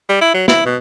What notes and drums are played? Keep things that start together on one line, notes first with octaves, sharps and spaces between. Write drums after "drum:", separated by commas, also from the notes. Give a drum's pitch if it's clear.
G3
E4
F#3
E4, drum: snare
B2